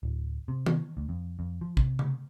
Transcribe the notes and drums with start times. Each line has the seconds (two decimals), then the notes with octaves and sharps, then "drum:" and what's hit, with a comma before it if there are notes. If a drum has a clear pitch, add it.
0.03 D1
0.48 C3
0.66 drum: tom D#3
0.97 D2
1.09 F2
1.39 F2
1.61 F3
1.77 C3, drum: kick
1.99 drum: tom C#3